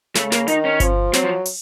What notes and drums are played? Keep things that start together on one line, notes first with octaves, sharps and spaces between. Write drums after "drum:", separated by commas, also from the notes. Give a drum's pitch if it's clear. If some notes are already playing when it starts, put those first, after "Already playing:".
C#3 A3, drum: snare
A#3, drum: snare
D#3 D#4, drum: hi-hat
C#4
F3, drum: kick G1, hi-hat
F#3 C4, drum: snare
F3
drum: open hi-hat